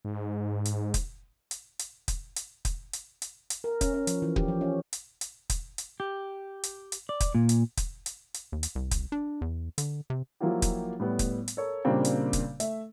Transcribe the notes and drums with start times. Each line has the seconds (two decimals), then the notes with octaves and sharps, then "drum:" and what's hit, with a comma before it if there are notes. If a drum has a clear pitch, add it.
0.05 G#2
0.65 drum: hi-hat
0.94 drum: kick, hi-hat
1.51 drum: hi-hat
1.79 drum: hi-hat
2.08 drum: kick, hi-hat
2.36 drum: hi-hat
2.65 drum: kick, hi-hat
2.93 drum: hi-hat
3.22 drum: hi-hat
3.50 drum: hi-hat
3.64 A#4
3.81 C#4, drum: kick, hi-hat
3.94 C#4
4.07 F3, drum: hi-hat
4.22 E3
4.36 G4, drum: kick
4.48 F3
4.61 C#4
4.93 drum: hi-hat
5.21 drum: hi-hat
5.50 drum: kick, hi-hat
5.78 drum: hi-hat
6.00 G4
6.63 drum: hi-hat
6.92 drum: hi-hat
7.09 D5
7.20 drum: kick, hi-hat
7.35 A#2
7.49 drum: hi-hat
7.77 drum: kick, hi-hat
8.06 drum: hi-hat
8.34 drum: hi-hat
8.52 D#2
8.63 drum: hi-hat
8.75 C2
8.91 drum: kick, hi-hat
9.12 D4
9.41 E2
9.78 D3, drum: hi-hat
10.10 C3
10.40 F3 F#3 A#3 E4 F4 G4
10.62 drum: kick, hi-hat
11.00 A2 G3 B3
11.19 drum: kick, hi-hat
11.48 drum: hi-hat
11.57 A4 A#4 C#5
11.85 A#2 C#3 G3 A#3 C4 D4
12.05 drum: hi-hat
12.33 drum: kick, hi-hat
12.60 A3 E5, drum: hi-hat